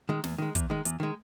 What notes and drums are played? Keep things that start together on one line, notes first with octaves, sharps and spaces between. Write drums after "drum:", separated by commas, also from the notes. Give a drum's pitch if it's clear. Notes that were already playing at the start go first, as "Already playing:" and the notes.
D#3 G#3
E2, drum: snare
D#3 G#3
E2, drum: kick, hi-hat
D#3 G#3
E2, drum: hi-hat
D#3 G#3